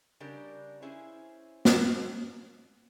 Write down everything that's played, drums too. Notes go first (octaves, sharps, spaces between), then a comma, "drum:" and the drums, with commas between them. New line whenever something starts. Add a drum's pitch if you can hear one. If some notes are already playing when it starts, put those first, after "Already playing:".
C#3 G3 D4 G4 A#4
C#4 E4 G#4 C5
drum: snare